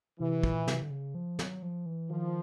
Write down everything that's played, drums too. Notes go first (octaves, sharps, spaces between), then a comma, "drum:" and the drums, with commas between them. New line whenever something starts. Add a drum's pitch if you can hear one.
C3 E3
A#2, drum: kick
C3, drum: snare
D3
C#3
F3
F#3, drum: snare
F3
E3
D#3 F3